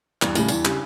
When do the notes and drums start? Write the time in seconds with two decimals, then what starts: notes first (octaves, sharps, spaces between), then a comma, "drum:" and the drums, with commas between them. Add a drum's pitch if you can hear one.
0.22 E2 G2, drum: clap
0.35 A2 C#3 G3, drum: tambourine
0.48 E2 G2, drum: tambourine
0.65 C#3 G3, drum: clap